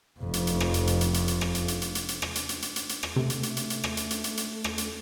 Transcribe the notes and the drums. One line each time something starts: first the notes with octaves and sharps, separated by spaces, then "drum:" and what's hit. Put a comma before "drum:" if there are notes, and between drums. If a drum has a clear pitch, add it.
F1 F2
drum: hi-hat
drum: hi-hat
drum: rim click
drum: hi-hat
drum: hi-hat
drum: hi-hat
drum: hi-hat
drum: hi-hat
drum: rim click
drum: hi-hat
drum: hi-hat
drum: hi-hat
drum: hi-hat
drum: hi-hat
drum: rim click
drum: hi-hat
drum: hi-hat
drum: hi-hat
drum: hi-hat
drum: hi-hat
drum: rim click
C3 A3
drum: hi-hat
drum: hi-hat
drum: hi-hat
drum: hi-hat
drum: rim click
drum: hi-hat
drum: hi-hat
drum: hi-hat
drum: hi-hat
drum: rim click
drum: hi-hat